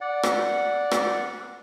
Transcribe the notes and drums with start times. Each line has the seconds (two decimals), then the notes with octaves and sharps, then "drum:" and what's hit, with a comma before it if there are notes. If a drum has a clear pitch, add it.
0.01 D5 F#5
0.23 drum: rim click
0.91 drum: rim click